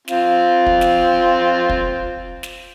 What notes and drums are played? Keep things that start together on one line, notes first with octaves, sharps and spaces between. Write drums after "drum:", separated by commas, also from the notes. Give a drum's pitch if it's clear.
C4 F4, drum: snare
drum: kick
drum: snare
drum: kick
drum: snare